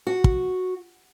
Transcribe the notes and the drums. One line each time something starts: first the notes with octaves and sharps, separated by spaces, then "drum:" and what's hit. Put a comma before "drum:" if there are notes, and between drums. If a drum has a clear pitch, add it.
F#4
drum: kick